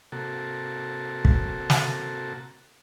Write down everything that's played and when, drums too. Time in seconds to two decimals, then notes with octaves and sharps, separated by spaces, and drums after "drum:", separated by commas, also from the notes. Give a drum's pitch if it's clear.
0.12 C3 A#3 F#4 A4
1.25 drum: kick
1.70 drum: snare